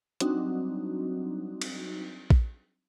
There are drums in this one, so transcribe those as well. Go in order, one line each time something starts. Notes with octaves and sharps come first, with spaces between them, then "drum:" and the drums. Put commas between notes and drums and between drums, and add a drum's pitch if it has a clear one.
F#3 G3 C4 D4 D#4 F#4, drum: hi-hat
drum: cymbal
drum: kick A#1